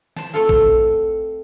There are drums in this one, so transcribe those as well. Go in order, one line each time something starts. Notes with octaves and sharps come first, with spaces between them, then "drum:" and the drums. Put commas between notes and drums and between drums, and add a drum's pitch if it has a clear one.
C5 A5, drum: snare
A3 C4 F4 A4 F5
drum: kick A#1